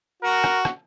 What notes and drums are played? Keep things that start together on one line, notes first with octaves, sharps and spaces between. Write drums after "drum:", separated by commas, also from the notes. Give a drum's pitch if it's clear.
F#4 A#4
drum: rim click
drum: rim click